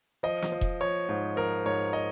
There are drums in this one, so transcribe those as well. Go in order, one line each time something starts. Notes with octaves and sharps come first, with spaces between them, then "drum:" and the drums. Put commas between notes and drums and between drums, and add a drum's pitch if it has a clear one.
F3 D#5
drum: snare
F3
drum: kick E1
F3 C#5
G#2
F3 A#4
G#2 C#5
D#5